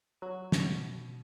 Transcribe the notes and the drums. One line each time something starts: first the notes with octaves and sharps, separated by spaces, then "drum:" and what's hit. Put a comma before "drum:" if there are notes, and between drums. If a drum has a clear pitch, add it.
F#3 F#4
drum: snare
B2